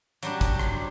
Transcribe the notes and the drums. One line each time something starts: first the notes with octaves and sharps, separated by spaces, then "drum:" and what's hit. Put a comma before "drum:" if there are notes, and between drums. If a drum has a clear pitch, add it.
F#3 G3 D4, drum: hi-hat
drum: kick, hi-hat
drum: rim click